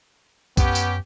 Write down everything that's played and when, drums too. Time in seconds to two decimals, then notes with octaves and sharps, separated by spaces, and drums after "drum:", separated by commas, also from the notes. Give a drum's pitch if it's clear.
0.57 F#2 B3 C#4 G4, drum: kick B1, tambourine
0.75 drum: tambourine